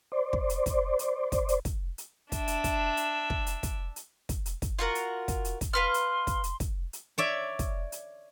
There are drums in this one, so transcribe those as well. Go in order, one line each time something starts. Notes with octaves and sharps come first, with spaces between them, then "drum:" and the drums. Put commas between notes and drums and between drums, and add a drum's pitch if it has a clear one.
C5 D5
drum: kick
drum: hi-hat
drum: kick, hi-hat
drum: hi-hat
drum: kick, hi-hat
drum: hi-hat
drum: kick, hi-hat
drum: hi-hat
D4 E5, drum: kick, hi-hat
drum: hi-hat
drum: kick, hi-hat
drum: hi-hat
drum: kick
drum: hi-hat
drum: kick, hi-hat
drum: hi-hat
drum: kick, hi-hat
drum: hi-hat
drum: kick, hi-hat
F4 F#4 A#4
drum: hi-hat
drum: kick, hi-hat
drum: hi-hat
drum: kick, hi-hat
F4 B4 C6 F6
drum: hi-hat
drum: kick, hi-hat
drum: hi-hat
drum: kick, hi-hat
drum: hi-hat
C#5 D5 E5
drum: kick, hi-hat
drum: hi-hat